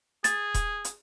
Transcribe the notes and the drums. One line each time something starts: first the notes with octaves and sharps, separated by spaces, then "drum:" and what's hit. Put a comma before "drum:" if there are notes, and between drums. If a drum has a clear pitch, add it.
G#4 A6, drum: hi-hat
drum: kick D#1, hi-hat
drum: hi-hat